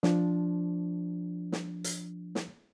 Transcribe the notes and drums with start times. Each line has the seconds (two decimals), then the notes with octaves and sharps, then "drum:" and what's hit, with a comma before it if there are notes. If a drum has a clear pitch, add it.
0.03 F3 D4, drum: snare
1.52 drum: snare
1.84 drum: hi-hat
2.35 drum: snare